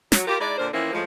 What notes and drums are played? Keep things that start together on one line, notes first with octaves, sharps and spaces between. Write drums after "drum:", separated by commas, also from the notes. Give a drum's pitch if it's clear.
F#3, drum: snare
F4 G4 A#4
G#3 D#4 E4 D5
A#2 D3 D4 A#4 C5
E3 F3 A#3 C4 C#4 E4
A2 F3 G#3